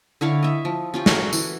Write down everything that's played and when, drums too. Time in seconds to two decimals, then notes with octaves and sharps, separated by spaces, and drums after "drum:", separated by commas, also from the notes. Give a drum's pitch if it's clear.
0.21 D3 E4 C#5 F5
0.43 D#5 E5
0.65 F3
0.94 C#4 F4 G4
1.06 F#4 A4 A#4 E5, drum: snare
1.33 E3, drum: tambourine